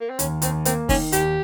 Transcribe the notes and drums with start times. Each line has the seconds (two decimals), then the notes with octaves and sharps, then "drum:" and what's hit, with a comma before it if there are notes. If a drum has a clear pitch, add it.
0.01 A#3
0.09 C4
0.19 D#2 C#4, drum: hi-hat
0.42 D#2 C4, drum: hi-hat
0.65 A#3 C4, drum: hi-hat
0.89 D#3 C#4, drum: kick, open hi-hat
1.12 D#2 G4, drum: hi-hat